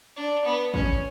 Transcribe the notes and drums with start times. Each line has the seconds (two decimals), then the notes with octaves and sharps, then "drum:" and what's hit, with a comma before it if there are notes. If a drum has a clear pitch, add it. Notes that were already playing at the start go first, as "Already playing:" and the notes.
0.16 D4
0.45 B3
0.74 C#4, drum: kick